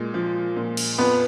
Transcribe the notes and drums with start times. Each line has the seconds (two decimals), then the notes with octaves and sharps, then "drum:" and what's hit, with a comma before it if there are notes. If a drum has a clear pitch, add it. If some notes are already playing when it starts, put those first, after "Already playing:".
Already playing: A#2 G#3
0.14 F3
0.56 A#2
0.77 drum: cymbal
0.98 F2 B3 B4